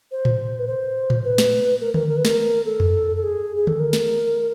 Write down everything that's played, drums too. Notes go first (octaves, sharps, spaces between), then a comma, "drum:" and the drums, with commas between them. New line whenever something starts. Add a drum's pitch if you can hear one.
C5
drum: tom A2
B4
C5
drum: tom A2
B4
drum: snare
A#4
A#4, drum: tom D3
A#4
B4
A#4, drum: snare
A4
drum: tom F2
A4
G#4
G#4
A4, drum: tom D3
A#4
drum: snare